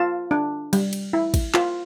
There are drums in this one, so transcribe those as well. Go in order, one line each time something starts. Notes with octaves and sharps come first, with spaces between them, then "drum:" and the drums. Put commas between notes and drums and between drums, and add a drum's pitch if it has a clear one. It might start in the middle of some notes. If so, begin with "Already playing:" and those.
Already playing: F4 A5
D4
G3, drum: cymbal
drum: cymbal
E4
drum: kick, cymbal
F4, drum: clap